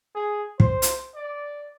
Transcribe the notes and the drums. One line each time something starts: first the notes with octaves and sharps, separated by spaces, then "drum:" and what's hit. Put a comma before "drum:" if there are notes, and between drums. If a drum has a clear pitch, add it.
G#4
C5, drum: kick
drum: hi-hat
D5